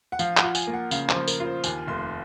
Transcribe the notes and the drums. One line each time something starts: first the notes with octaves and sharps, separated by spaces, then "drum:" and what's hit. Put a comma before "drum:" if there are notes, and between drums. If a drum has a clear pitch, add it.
F#5
F3 F5, drum: tambourine
F#5, drum: clap
F4
G#5, drum: tambourine
A#3
F#5
C#3 F5, drum: tambourine
C5, drum: clap
F3
A#4, drum: tambourine
F4
C5
D#2 G#5, drum: tambourine
F1 C6